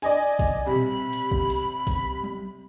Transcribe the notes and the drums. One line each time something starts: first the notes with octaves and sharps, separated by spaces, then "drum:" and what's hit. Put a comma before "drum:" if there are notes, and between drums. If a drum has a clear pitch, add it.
D5 D#5 G#5, drum: hi-hat
drum: kick, hi-hat
C3 G3 B5
drum: tom A#2
drum: hi-hat
drum: kick
drum: hi-hat
drum: kick, hi-hat
drum: tom F#3